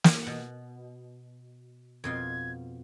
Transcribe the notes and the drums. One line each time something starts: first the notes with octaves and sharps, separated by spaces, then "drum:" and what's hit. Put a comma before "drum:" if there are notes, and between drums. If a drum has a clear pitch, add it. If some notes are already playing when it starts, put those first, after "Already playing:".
drum: snare
B2 F#5
F2 B2 F4 G#6